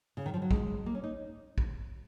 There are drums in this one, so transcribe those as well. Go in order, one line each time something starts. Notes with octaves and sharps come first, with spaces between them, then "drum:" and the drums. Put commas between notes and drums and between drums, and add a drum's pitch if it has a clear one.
C#3
D#3
F3
F#3
G#3, drum: kick
A#3
C#4
D#4
drum: kick